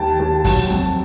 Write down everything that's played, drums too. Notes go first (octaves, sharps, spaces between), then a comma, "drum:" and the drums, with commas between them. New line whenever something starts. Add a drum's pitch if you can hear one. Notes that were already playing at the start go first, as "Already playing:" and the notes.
Already playing: D#2 G5 A5
D#2
F#3, drum: kick, open hi-hat
F2